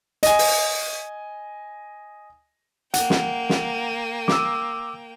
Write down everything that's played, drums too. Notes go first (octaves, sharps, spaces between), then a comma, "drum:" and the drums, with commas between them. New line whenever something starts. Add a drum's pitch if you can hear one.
D#5 G#5, drum: hi-hat
drum: open hi-hat
A#3 F#5 G5, drum: hi-hat
drum: snare
drum: snare
D6 E6, drum: snare